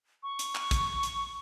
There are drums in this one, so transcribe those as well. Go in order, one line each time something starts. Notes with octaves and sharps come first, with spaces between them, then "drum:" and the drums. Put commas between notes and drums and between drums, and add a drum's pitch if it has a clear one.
C#6
drum: hi-hat
drum: clap
drum: kick, hi-hat
drum: hi-hat